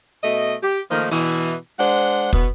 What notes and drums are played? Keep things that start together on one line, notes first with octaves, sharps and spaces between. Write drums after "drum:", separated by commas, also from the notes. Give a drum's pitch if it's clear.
B2 A3 D#5
G4
D#3 F3 A3 A#3 D#4
B2 E3, drum: open hi-hat
G#3 D4 C5 F#5
B2 B3, drum: kick